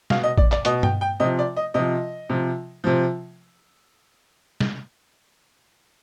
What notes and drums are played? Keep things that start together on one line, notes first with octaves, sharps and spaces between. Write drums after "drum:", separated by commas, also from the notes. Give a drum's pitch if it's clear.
B2 F5, drum: snare
D#5
D5, drum: kick A1
D5, drum: clap
B2 D#5, drum: hi-hat
G5, drum: tom G2
G5
C3 F3 D#5
D5
D#5
C3 F3 D#5
C3 F3
C3 F3
drum: snare